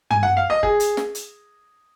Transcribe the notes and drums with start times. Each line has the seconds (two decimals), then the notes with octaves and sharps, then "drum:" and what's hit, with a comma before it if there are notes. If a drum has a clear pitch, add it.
0.11 G#5, drum: tom
0.23 F#5
0.37 F5
0.50 D#5
0.63 G#4, drum: kick F#1
0.80 drum: hi-hat
0.97 drum: snare
1.15 drum: hi-hat